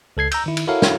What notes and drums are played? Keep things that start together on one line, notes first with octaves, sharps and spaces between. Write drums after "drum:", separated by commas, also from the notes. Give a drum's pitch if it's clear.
C#2 A4 G#6 C7
A#5 E6 G6, drum: cymbal
D#3 E4
drum: cymbal
E4 F#4 A4 A#4 C#5 F5
drum: snare